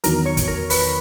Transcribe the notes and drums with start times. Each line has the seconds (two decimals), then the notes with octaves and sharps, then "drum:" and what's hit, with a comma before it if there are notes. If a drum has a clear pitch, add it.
0.04 E2 D#3 F#3 A#4 A#5, drum: hi-hat
0.26 C#5 C#6
0.37 drum: kick, hi-hat
0.48 A#4 A#5
0.70 B4 B5, drum: open hi-hat